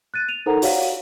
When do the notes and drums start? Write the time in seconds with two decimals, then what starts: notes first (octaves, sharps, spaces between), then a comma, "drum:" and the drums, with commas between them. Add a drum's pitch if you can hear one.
0.14 F#6 A6 D#7
0.28 D#7 F7
0.46 D#4 A4 A#4 C5 F#5 A#5
0.62 F#4 G4 C#5 D5 F5 F#5, drum: open hi-hat